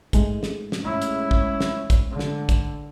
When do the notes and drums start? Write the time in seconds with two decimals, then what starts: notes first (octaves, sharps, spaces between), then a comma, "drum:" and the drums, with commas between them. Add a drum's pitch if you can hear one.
0.13 G#2 G#3 A3, drum: kick, hi-hat
0.43 drum: snare
0.72 drum: snare
0.83 C#4 E4
1.02 drum: hi-hat
1.31 drum: kick
1.60 drum: snare
1.90 drum: kick, hi-hat
2.10 D3
2.19 drum: snare
2.49 drum: kick, hi-hat